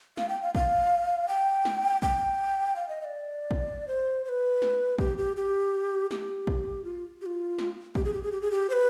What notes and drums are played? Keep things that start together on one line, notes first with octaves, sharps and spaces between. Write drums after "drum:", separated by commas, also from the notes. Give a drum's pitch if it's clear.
F5, drum: snare
G5
F5
F5, drum: kick
G5
drum: snare
G5, drum: kick
F5
D#5
D#5
D5
drum: kick
C5
C5
B4
drum: snare
G4, drum: kick
G4
G4
G4, drum: snare
drum: kick
F4
G4
F4
drum: snare
G4, drum: kick
G#4
G4
G#4
G4
G#4
G4
C5
B4